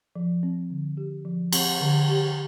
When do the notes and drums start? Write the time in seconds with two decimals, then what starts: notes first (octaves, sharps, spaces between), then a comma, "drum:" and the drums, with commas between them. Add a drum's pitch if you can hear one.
0.15 F3
0.43 C4
0.70 D3
0.97 G4
1.25 F3
1.53 C4, drum: cymbal
1.81 D3
2.09 G4